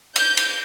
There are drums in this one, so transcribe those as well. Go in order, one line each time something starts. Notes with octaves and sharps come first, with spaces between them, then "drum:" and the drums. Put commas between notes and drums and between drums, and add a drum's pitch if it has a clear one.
G6, drum: cymbal
drum: cymbal